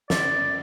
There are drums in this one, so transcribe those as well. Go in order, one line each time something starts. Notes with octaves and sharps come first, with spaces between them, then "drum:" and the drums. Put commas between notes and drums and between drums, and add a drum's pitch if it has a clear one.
D5, drum: snare